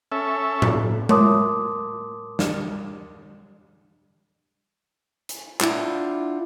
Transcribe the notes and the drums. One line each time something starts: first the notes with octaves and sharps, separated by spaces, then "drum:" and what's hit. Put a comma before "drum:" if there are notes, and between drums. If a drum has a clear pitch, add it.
C#4 A4 E5
drum: tom A2
A#4 C#5 A5 C6 D6 D#6, drum: tom G#3
drum: snare
drum: hi-hat
D4 E4 F4 F#5 G5, drum: clap